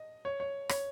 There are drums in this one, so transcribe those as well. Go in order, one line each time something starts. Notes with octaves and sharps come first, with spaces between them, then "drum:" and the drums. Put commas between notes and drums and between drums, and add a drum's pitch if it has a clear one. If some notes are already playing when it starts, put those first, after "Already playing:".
Already playing: D#5
C#5
C#5
C#5, drum: rim click